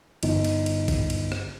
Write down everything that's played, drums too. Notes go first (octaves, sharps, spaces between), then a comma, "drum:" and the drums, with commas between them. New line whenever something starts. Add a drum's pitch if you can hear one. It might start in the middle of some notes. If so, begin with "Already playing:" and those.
G1 D#4, drum: cymbal
drum: cymbal
drum: cymbal
drum: kick A#1, cymbal
drum: cymbal
drum: rim click